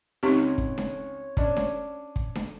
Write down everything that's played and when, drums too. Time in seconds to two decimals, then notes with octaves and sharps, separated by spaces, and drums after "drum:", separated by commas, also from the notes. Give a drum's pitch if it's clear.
0.23 C#2 C4 D#4 G4 C#5
0.58 drum: kick
0.78 drum: snare D4
1.37 C#4 D4, drum: kick
1.57 drum: snare D4
2.16 drum: kick
2.35 drum: snare D4